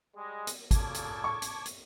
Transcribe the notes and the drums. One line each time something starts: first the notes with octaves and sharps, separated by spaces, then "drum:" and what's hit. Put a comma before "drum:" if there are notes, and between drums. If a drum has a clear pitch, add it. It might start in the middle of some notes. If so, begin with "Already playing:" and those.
G3 G#3
drum: hi-hat
A#2 C#3 A4 A5 D6 G#6, drum: kick, hi-hat
drum: hi-hat
C#6
drum: hi-hat
drum: hi-hat